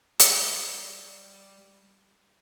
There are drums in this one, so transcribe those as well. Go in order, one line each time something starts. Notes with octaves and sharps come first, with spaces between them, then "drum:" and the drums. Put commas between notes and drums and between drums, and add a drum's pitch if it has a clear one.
G3 G4, drum: hi-hat